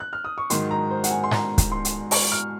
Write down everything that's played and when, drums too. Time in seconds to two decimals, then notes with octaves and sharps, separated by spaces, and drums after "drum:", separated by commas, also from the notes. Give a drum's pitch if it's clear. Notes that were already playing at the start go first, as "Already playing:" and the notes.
0.00 F#6
0.13 F6
0.24 D#6
0.38 C#6
0.50 G#2 D#3 F#3 C6, drum: hi-hat
0.71 A#5
0.91 C5
1.04 F#5, drum: hi-hat
1.10 G#5
1.23 C6
1.31 A#5, drum: snare G#2
1.58 drum: kick, hi-hat
1.72 C6
1.85 drum: hi-hat
2.11 C#6, drum: open hi-hat
2.32 F6